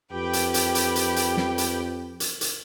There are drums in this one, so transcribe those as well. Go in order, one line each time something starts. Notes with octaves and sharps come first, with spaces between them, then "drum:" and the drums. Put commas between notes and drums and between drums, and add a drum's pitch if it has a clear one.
F2 G4 B4 G5
drum: hi-hat
drum: hi-hat
drum: hi-hat
drum: hi-hat
drum: hi-hat
drum: snare
drum: hi-hat
drum: hi-hat
drum: hi-hat